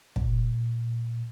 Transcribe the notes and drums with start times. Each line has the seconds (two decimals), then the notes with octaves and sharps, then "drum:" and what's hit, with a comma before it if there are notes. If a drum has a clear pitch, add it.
0.16 A#2, drum: kick